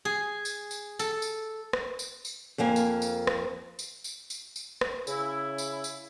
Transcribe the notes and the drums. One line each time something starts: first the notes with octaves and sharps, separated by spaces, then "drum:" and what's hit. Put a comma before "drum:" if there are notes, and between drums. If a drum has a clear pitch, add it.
G#4
drum: tambourine
drum: tambourine
A4, drum: tambourine
drum: tambourine
drum: rim click
drum: tambourine
drum: tambourine
F2 F3 A#3 G#5
drum: tambourine
drum: tambourine
drum: rim click
drum: tambourine
drum: tambourine
drum: tambourine
drum: tambourine
drum: rim click
C#3 E4, drum: tambourine
drum: tambourine
drum: tambourine